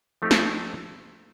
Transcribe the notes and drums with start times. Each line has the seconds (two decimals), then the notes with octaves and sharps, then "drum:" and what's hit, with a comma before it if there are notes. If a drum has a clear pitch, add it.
0.22 F3 A3 C4 D#4 G4
0.31 drum: snare